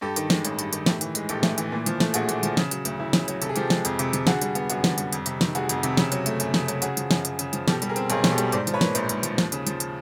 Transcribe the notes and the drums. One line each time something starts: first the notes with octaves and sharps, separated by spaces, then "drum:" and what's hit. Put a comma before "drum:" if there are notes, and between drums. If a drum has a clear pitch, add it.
G2 G4 A4
D#3, drum: hi-hat
G#3, drum: snare
A1, drum: hi-hat
G2, drum: hi-hat
D#3, drum: hi-hat
A2 G4 A4, drum: snare
E3, drum: hi-hat
G#3, drum: hi-hat
A#1 G4 A4, drum: hi-hat
A2, drum: snare
E3, drum: hi-hat
A#2
F3, drum: hi-hat
A3, drum: snare
A#1 F#4 G#4, drum: hi-hat
A#2, drum: hi-hat
F3, drum: hi-hat
C#3, drum: snare
F#3, drum: hi-hat
D2, drum: hi-hat
D2 E4
C#3, drum: snare
F#3, drum: hi-hat
C3 A4, drum: hi-hat
G#4
F3 G4 A4, drum: hi-hat
G#3, drum: snare
F2, drum: hi-hat
C3, drum: hi-hat
F3, drum: hi-hat
D3 F#4 G#4, drum: snare
G3, drum: hi-hat
B3, drum: hi-hat
F#2 F#4 G#4, drum: hi-hat
D3, drum: snare
G3, drum: hi-hat
F2, drum: hi-hat
C3, drum: hi-hat
D#3, drum: snare
F1 F#4 G#4, drum: hi-hat
F2, drum: hi-hat
C3, drum: hi-hat
C#3, drum: snare
F#3, drum: hi-hat
A3, drum: hi-hat
F#2, drum: hi-hat
C#3, drum: snare
F#3, drum: hi-hat
C#3 F#4 G#4, drum: hi-hat
F3, drum: hi-hat
F#2, drum: snare
F#2, drum: hi-hat
C#3, drum: hi-hat
F3, drum: hi-hat
B2 G4 A4, drum: snare
G3, drum: hi-hat
G#4 A#4
C4, drum: hi-hat
B1 G#4 A#4, drum: hi-hat
B2, drum: snare
G4 A4
G3, drum: hi-hat
G#2 C5 D5, drum: hi-hat
F3, drum: hi-hat
B4 C#5
A#3, drum: snare
A#1 A#4 C5, drum: hi-hat
G#2, drum: hi-hat
F3, drum: hi-hat
D#2, drum: snare
C#3, drum: hi-hat
F3, drum: hi-hat
drum: hi-hat